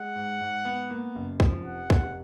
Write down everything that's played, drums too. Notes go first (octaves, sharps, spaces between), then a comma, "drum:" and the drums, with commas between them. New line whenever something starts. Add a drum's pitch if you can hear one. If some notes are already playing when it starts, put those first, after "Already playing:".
Already playing: G#3 F#5
G#2
G#2
B3
A#3
F#1
F3, drum: kick
F1 F#5
F1, drum: kick